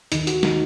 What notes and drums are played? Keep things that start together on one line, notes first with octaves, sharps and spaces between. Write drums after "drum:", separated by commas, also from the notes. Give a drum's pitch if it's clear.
D#2 D#3 D#4, drum: hi-hat
F#4, drum: hi-hat
D#3 D#4, drum: snare